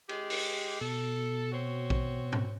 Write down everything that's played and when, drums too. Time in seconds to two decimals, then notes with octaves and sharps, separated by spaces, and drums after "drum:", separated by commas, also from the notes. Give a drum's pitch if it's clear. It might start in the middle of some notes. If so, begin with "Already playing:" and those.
0.09 G#3 G4, drum: cymbal
0.30 drum: open hi-hat
0.81 B2 A4
1.52 C4 F#4 C#5
1.90 drum: kick A#1
2.32 drum: tom G#2